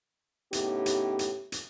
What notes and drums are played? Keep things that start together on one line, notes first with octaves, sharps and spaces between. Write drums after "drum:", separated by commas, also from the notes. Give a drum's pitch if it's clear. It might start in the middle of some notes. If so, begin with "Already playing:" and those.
A2 C#3 B3 D#4 G4, drum: hi-hat
drum: hi-hat
drum: hi-hat
drum: hi-hat